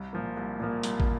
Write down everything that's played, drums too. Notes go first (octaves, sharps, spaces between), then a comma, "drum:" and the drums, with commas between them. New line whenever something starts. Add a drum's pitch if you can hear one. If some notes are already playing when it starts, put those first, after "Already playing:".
Already playing: C2
A#2 F3 A#3
C2
A#2 F3 A#3
C2, drum: hi-hat
drum: kick